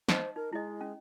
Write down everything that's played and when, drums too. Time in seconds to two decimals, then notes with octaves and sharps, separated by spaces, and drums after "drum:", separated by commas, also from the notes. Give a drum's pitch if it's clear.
0.09 D#4 C5 D#5, drum: snare
0.36 D#4 A#4
0.53 G#3 E4 D#5
0.81 C#4